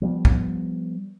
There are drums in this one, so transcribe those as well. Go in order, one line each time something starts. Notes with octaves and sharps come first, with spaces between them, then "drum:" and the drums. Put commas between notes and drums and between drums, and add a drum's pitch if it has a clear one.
F3 G3 B3
drum: kick